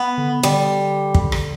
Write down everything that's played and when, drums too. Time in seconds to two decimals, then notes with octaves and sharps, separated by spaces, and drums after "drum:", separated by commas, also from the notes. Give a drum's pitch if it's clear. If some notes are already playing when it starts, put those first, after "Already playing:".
Already playing: B3
0.18 D3
0.43 D3 G3
1.14 drum: kick
1.32 drum: rim click